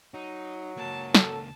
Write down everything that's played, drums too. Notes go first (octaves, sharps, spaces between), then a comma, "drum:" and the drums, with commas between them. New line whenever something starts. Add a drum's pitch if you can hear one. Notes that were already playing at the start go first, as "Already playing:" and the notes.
F#3 D#4
C#2 A#3 A5
A4 A5, drum: snare